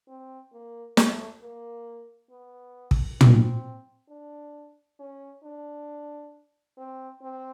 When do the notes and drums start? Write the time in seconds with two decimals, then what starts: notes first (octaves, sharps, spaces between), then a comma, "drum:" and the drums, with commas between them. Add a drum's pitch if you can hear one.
0.08 C4
0.53 A#3
0.97 A3, drum: snare
1.41 A#3
2.31 B3
2.91 drum: kick
3.21 C4, drum: tom
4.09 D4
4.99 C#4
5.43 D4
6.78 C4
7.22 C4